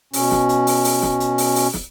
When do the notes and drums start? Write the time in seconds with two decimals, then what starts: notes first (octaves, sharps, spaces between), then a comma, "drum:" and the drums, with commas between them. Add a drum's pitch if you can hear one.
0.13 B2 C#4, drum: open hi-hat
0.31 drum: snare
0.49 drum: hi-hat
0.67 drum: open hi-hat
0.85 drum: open hi-hat
1.02 drum: snare
1.20 drum: hi-hat
1.38 drum: open hi-hat
1.56 drum: open hi-hat
1.74 drum: snare